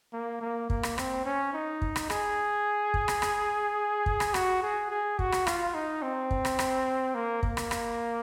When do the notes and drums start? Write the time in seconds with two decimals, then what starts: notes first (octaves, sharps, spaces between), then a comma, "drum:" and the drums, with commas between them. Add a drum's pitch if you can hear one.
0.13 A#3
0.41 A#3
0.70 A#3, drum: kick
0.83 drum: rim click
0.98 C4, drum: rim click
1.26 C#4
1.53 D#4
1.82 drum: kick
1.96 drum: rim click
2.10 G#4, drum: rim click
2.94 drum: kick
3.08 drum: rim click
3.22 drum: rim click
4.06 drum: kick
4.20 drum: rim click
4.34 F#4, drum: rim click
4.63 G#4
4.90 G#4
5.19 F#4, drum: kick
5.32 drum: rim click
5.47 F4, drum: rim click
5.74 D#4
6.02 C4
6.31 drum: kick
6.45 drum: rim click
6.59 drum: rim click
7.15 A#3
7.43 A#3, drum: kick
7.57 drum: rim click
7.71 drum: rim click